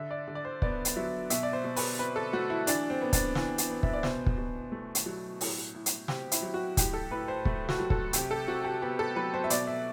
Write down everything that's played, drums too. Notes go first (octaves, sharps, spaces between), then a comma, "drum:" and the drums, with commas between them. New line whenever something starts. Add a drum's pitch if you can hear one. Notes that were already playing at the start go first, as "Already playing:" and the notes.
Already playing: D3 E5
D5
D3
D5
C5
B3 D5, drum: kick
drum: hi-hat
F#3 E5
B2 E5, drum: hi-hat
D5
C5
B2
B4, drum: open hi-hat
C4 B4
A4
A3 F#4
E4
E3 D4, drum: hi-hat
C4
B3
D4, drum: kick, hi-hat
E3, drum: snare
drum: hi-hat
B3
E5, drum: kick
D5
B2 C5, drum: snare
drum: kick
B2
A3
drum: hi-hat
F#3
A2, drum: open hi-hat
A2
drum: hi-hat
C4 G4, drum: snare
E4, drum: hi-hat
F#3
F#4
A2 G4, drum: kick, hi-hat
A4
A2 B4
C5
A3, drum: kick
F#4, drum: snare
F#3
A4, drum: kick
C3 G4, drum: hi-hat
A4
C3 F#4
G4
B3 G4
A4
F#3 B4
C5
E5
B2 D5, drum: hi-hat
E5